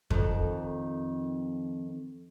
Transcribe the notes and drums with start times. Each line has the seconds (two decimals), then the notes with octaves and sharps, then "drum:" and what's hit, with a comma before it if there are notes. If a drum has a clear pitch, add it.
0.10 F2 D#3, drum: kick F2